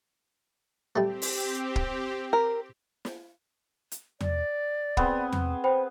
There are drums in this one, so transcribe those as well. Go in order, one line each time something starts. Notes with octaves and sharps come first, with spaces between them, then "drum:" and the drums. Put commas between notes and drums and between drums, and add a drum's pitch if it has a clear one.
G3 A3 C4 G4
drum: open hi-hat
drum: kick
A#4
drum: snare
drum: hi-hat
D5, drum: tom E2
B3 C4 G#4 B5, drum: kick
drum: tom E2
C5 G5 B5